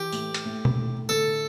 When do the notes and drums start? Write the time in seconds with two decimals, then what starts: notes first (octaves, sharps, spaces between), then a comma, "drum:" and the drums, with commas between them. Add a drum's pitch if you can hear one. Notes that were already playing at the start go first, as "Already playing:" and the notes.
Already playing: E3 G4
0.12 A2, drum: tambourine
0.34 drum: hi-hat
0.45 A2
0.65 drum: tom B2
0.77 A2
1.09 D3 A4